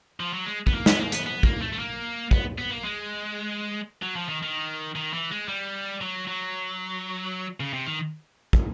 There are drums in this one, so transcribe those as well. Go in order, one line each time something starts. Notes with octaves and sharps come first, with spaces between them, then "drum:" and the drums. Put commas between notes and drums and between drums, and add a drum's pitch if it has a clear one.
F3
F#3
G#3
B3, drum: kick
A#3
B3, drum: snare
A#3
B3, drum: hi-hat
B3
A#3, drum: kick
A3
A3
A#3
B3, drum: kick
B3
A#3
G#3
F#3
F3
D#3
D#3
D#3
E3
G#3
G3
F#3
F#3
C#3
C3
D#3
drum: kick